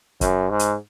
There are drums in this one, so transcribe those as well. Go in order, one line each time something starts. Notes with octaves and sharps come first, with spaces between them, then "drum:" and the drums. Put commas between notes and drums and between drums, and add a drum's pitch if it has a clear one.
F#2, drum: kick, hi-hat
G#2
drum: hi-hat